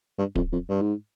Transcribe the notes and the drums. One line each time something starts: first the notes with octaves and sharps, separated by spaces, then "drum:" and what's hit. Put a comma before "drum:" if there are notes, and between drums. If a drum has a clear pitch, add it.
G2
F2, drum: kick D1
F2
G2
G#2